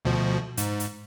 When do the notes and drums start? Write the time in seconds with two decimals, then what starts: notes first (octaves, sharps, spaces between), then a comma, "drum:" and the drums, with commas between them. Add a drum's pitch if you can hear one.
0.05 D2 B2 F3
0.57 G#2, drum: hi-hat
0.80 drum: hi-hat